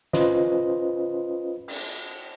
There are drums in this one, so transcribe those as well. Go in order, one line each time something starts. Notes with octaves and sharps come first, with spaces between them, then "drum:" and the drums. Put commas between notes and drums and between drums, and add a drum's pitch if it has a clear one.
C#4 F4 B4 C5 D#5, drum: snare
drum: cymbal